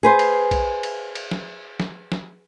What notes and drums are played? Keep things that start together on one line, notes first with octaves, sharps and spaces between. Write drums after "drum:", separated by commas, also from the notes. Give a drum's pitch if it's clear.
G#4 B4 C5
drum: cymbal
drum: kick A#1, cymbal
drum: cymbal
drum: cymbal
drum: snare
drum: snare
drum: snare